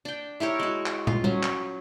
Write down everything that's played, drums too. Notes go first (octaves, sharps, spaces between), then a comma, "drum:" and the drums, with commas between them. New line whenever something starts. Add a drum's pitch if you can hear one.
D4 G5
E4 G4 A#4 C#5
G#3 F#4
drum: clap
F4, drum: tom
F#3 C#4, drum: tom G3
drum: clap